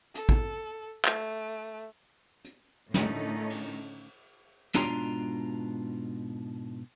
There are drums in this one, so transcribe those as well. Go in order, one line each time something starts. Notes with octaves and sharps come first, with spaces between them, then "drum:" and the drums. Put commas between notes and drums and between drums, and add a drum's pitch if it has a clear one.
A4, drum: hi-hat
drum: kick
A3, drum: clap
drum: hi-hat
A2 D3 D#3 A3 C#4 D#4, drum: snare
drum: cymbal
G#2 B2 D4 F4 A#5 C6, drum: snare